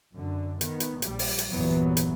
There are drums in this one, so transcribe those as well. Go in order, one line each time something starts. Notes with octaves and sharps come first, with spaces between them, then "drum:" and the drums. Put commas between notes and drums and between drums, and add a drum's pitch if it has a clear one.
F#2 D3
D#3 B3, drum: hi-hat
drum: hi-hat
A#1 G3, drum: hi-hat
drum: open hi-hat
drum: hi-hat
G1 E2 A#2 E3 F#3 B3
drum: hi-hat